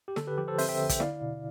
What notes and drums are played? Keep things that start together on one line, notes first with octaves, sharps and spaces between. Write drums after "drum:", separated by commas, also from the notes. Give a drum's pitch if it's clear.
G4
D3 A4, drum: snare
G4 B4
F3 G4
A4 C5
C4 C5 E5, drum: open hi-hat
E5 G5
D3
E5 G5, drum: kick, hi-hat
E4 D5 F5, drum: snare
B2